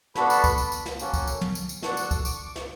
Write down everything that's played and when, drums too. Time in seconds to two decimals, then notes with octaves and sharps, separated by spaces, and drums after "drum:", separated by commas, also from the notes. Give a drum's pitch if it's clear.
0.15 B3 D4 F#4 A4 B5, drum: snare
0.30 drum: tambourine
0.44 drum: kick, tambourine
0.58 drum: tambourine
0.72 drum: tambourine
0.86 drum: snare
0.99 A#3 C#4 F#4 A4, drum: tambourine
1.13 drum: kick, tambourine
1.27 drum: tambourine
1.41 drum: tom
1.55 drum: tambourine
1.69 drum: tambourine
1.83 D4 F#4 A4 C#6, drum: snare
1.97 drum: tambourine
2.11 drum: kick, tambourine
2.25 D6, drum: tambourine
2.35 C#6
2.46 D6
2.56 C#6, drum: snare